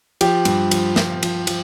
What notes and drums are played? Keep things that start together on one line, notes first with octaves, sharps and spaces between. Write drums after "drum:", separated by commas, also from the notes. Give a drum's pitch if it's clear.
F3 G4, drum: cymbal
G2, drum: cymbal
F3, drum: cymbal
F3, drum: snare
F3, drum: cymbal
F3, drum: cymbal